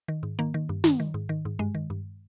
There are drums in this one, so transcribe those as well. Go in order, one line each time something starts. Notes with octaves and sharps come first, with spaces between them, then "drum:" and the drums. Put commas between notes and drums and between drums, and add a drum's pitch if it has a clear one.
D#3
G#2
D#3 A#3
D#3
G2
D#3, drum: snare
D#3
G#2
D#3
G#2
G2 G#3
D#3
G2